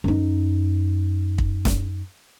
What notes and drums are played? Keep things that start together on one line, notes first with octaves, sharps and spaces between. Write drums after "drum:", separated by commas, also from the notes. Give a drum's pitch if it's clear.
F#2 D#4
drum: kick
drum: snare